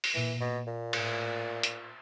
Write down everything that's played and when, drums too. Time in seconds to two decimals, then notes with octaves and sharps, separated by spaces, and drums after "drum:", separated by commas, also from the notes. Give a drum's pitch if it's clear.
0.04 drum: open hi-hat
0.14 A#2 E3
0.40 B2
0.67 A#2
0.93 A2, drum: cymbal
1.63 drum: hi-hat